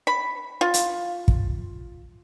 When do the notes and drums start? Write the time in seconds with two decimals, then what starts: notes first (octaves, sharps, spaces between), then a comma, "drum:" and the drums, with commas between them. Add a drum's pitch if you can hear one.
0.07 B5
0.61 F4
0.74 drum: hi-hat
1.28 drum: kick